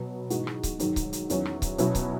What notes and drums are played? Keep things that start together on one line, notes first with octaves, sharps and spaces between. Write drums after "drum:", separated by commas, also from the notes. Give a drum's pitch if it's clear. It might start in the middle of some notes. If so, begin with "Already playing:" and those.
Already playing: B2 F#3 B3
G#2 E3 G#3 D#4 F#4, drum: hi-hat
drum: rim click
drum: kick C#1, hi-hat
G#2 D#3 F#3, drum: hi-hat
drum: kick C#1, hi-hat
drum: hi-hat
E2 D#3 F#3 C#4, drum: hi-hat
drum: rim click
drum: kick C#1, hi-hat
B2 F#3 C#4 E4, drum: hi-hat
drum: kick C#1, hi-hat